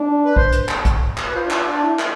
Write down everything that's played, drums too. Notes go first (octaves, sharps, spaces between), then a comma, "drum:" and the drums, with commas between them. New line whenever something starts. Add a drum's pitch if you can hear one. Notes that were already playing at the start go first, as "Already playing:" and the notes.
Already playing: D4
B4
C5, drum: kick
drum: hi-hat
drum: clap
drum: kick, hi-hat
drum: clap
B4
F4 C5
D4
E4, drum: clap
D4
E4
drum: clap